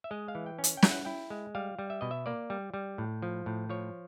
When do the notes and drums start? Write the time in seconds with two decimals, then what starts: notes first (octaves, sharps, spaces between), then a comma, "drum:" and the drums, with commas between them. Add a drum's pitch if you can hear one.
0.04 E5
0.11 G#3 D#5
0.28 F5
0.35 E3
0.46 G5
0.59 C#4
0.64 G#5, drum: hi-hat
0.77 G5
0.82 E4, drum: snare
0.91 F#5
1.05 E4 G5
1.30 G#3
1.55 G3 F5
1.79 G3
1.90 E5
2.01 B2 D#5
2.11 E5
2.26 A#3 D5
2.50 G3
2.74 G3
2.98 A2
3.22 F3
3.46 A2
3.69 F3 C#5